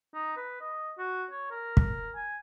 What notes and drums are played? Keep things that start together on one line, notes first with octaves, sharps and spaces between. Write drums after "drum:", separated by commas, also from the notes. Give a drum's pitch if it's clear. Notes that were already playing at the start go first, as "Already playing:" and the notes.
D#4
B4
D#5
F#4
C#5
A#4
drum: kick
G#5